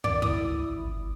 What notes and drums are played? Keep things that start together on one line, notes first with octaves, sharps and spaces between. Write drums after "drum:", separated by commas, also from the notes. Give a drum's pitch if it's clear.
D#3 D5, drum: kick
D3 E4 D#6, drum: kick
D2
A1
G1